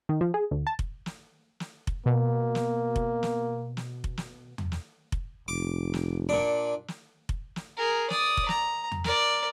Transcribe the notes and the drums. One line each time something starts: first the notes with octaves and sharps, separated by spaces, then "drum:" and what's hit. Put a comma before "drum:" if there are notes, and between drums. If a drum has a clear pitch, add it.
D#3
F3
G#4
D2
A5
drum: kick F1
drum: snare
drum: snare
drum: kick F1
B2 A#3
drum: snare
drum: kick F1
drum: snare
drum: snare
drum: kick F1
drum: snare
drum: tom E2
drum: snare
drum: kick F1
F1 D6
drum: snare
A#2 D4
drum: snare
drum: kick F1
drum: snare
G#4 A#4
D5 D#6, drum: snare
drum: kick F1
A#5, drum: snare
drum: tom E2
A#4 D5, drum: snare